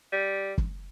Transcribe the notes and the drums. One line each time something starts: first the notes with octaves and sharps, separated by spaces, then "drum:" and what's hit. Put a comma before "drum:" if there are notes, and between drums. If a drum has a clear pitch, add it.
G3
drum: kick